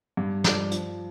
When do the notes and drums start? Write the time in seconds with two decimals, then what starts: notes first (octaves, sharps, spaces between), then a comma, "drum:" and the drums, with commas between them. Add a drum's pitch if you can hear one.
0.17 G2
0.44 F3 D4, drum: snare
0.72 F3, drum: hi-hat